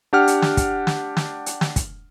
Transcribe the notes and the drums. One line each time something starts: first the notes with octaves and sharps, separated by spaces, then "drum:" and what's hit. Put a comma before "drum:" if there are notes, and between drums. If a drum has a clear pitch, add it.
D4 G4 F#5 F6
drum: hi-hat
drum: snare
drum: kick, hi-hat
drum: snare
drum: snare
drum: hi-hat
drum: snare
drum: kick, hi-hat